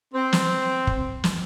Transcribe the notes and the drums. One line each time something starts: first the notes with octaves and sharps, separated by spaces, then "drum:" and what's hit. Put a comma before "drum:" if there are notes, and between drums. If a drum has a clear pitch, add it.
C4
drum: snare
drum: kick
drum: snare